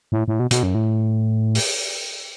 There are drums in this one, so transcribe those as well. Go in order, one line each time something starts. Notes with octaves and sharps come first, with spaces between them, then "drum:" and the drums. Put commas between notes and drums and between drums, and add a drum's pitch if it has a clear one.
A2
A2
B2
B2, drum: hi-hat
F#2
A2
drum: open hi-hat